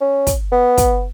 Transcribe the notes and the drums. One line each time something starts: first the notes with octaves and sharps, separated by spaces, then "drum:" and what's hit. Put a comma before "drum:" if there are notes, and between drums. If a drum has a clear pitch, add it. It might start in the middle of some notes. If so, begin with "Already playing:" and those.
C#4
drum: kick, hi-hat
B3
drum: kick, hi-hat